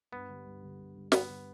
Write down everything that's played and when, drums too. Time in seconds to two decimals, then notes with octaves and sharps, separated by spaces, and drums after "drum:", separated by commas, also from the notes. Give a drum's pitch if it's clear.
0.12 G2 B3
0.29 D3 G3
0.46 G2
0.62 D3 G3
0.79 G2
0.96 D3 G3
1.12 G2 B3, drum: snare
1.29 D3 G3